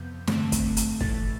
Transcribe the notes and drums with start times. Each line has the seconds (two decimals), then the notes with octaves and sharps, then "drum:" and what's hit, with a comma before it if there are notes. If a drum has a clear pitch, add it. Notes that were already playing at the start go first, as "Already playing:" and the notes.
Already playing: F2 C3 F3 B3 G6
0.27 G2 D3 A3 C4, drum: snare
0.52 drum: kick, hi-hat
0.77 drum: hi-hat
1.01 A2 E3 A3 A6, drum: kick